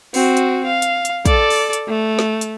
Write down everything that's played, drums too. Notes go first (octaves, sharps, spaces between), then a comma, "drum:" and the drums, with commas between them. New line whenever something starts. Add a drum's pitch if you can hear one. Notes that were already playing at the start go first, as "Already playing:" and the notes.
C4 F#4, drum: open hi-hat
drum: hi-hat
F5
drum: hi-hat
drum: hi-hat
A4 D5, drum: kick, hi-hat
drum: open hi-hat
drum: hi-hat
A3
drum: snare
drum: hi-hat